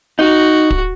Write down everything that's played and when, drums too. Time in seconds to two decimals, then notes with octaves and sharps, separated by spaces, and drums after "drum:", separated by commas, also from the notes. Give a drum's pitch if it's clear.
0.19 D#4 F#4
0.70 drum: kick